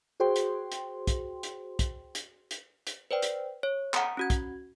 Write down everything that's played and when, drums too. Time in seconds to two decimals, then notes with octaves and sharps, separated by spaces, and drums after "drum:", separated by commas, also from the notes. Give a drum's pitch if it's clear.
0.20 F#4 G#4 C5 G5 C6
0.36 drum: hi-hat
0.72 drum: hi-hat
1.07 drum: kick, hi-hat
1.43 drum: hi-hat
1.79 drum: kick, hi-hat
2.15 drum: hi-hat
2.51 drum: hi-hat
2.87 drum: hi-hat
3.11 B4 C5 D5 G5
3.22 drum: hi-hat
3.63 C#5
3.94 F#5 A#5 D#6 C#7, drum: clap
4.17 C#4 F#4 G#6
4.30 drum: kick, hi-hat